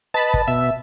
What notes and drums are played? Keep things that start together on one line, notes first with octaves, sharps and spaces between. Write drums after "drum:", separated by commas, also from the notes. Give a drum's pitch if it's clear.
B4 D#5 A5 B5
drum: kick
B2 E5